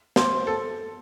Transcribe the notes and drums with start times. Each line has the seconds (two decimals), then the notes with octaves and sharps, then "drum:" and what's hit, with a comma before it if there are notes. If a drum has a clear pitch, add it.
0.16 C5, drum: snare
0.47 A4